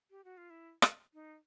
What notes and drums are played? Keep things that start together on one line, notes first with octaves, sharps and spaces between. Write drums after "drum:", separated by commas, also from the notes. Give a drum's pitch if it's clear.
G4
F#4
F4
E4
drum: rim click
D#4